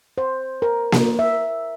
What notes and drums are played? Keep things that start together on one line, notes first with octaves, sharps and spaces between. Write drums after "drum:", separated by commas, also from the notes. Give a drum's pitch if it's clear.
C5
A#4
drum: snare A#3
E5